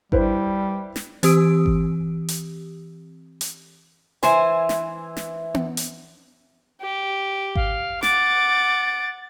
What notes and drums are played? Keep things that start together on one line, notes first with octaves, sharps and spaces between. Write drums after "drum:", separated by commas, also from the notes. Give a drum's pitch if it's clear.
G3 E4 B4 C5, drum: kick G#1
drum: snare
E3 C4 G4 D#6 E6 D7, drum: hi-hat
drum: kick G#1
drum: hi-hat
drum: hi-hat
E3 C5 G#5, drum: snare
drum: snare
drum: snare
drum: tom B3
drum: hi-hat
G4
F5, drum: kick G#1
F#5 D6 A6, drum: snare